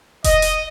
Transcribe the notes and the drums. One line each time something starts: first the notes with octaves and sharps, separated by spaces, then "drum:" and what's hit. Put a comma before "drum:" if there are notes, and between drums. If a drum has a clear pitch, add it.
D#5, drum: kick E1, hi-hat
drum: hi-hat